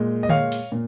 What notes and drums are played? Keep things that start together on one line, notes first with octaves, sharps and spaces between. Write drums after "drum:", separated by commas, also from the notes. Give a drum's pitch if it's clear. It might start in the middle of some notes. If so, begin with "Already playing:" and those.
Already playing: A#2 G#3
D#5
C#5 F5, drum: tom D3
drum: open hi-hat
A#2